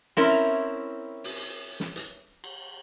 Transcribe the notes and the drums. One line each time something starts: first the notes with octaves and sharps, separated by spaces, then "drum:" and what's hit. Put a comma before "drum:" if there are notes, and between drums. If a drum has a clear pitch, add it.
C4 C#4 E4 A#4, drum: snare
drum: open hi-hat
drum: snare
drum: hi-hat
drum: cymbal